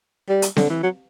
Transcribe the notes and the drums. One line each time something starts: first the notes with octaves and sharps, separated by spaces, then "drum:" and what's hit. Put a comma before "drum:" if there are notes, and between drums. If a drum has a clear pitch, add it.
G3
drum: hi-hat
D3, drum: snare C4
E3
F#3